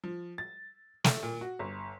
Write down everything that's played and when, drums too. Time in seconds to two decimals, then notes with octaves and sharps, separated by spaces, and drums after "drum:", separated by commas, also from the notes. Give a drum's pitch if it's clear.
0.04 F3
0.38 A6
1.04 A3, drum: snare
1.23 A#2
1.41 F#4
1.59 G1